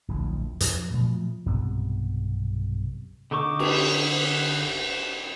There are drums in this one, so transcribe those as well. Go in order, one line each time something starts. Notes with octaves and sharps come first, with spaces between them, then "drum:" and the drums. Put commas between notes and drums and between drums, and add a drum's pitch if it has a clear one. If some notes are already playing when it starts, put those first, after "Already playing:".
D1 A#1 E2 A2
F2, drum: hi-hat
A#2 F3 F#3 A3
B1 G2 C3 B3
D3 D#4 A4 C#6 D6
drum: cymbal